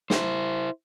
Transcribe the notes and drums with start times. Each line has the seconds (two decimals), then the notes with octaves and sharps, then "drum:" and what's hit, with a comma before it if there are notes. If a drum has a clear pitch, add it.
0.10 E4 C5, drum: snare